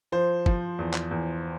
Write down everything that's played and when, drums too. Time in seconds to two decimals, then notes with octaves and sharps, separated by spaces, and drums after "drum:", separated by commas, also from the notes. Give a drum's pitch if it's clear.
0.12 F3 C5
0.46 F3, drum: kick F#1
0.79 E2
0.94 drum: clap
1.11 E2